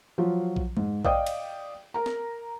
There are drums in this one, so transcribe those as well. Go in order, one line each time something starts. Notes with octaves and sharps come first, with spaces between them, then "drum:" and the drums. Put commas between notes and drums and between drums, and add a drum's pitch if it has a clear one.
F3 F#3 F4
drum: kick A#1
G#2, drum: tom F2
D5 D#5 F5 G5 D#6, drum: kick A#1
drum: cymbal
A#4 A#5
drum: snare